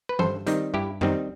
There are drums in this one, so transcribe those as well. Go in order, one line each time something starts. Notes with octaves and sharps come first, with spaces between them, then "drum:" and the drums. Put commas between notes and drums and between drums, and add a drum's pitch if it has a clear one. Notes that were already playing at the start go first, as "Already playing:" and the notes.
B4
G2 A4 C5, drum: tom E3
D#3 G3 C4 D#4, drum: hi-hat
G2 E4 G4
D#3 G3 C4 D#4, drum: tom F2